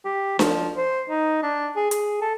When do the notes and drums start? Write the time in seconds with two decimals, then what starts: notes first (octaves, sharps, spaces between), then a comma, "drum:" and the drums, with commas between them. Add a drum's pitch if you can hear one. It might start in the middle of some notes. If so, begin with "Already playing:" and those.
0.05 G4
0.39 F3, drum: snare D4
0.77 C5
1.10 D#4
1.43 D4
1.76 G#4
1.91 G#4, drum: hi-hat
2.21 A4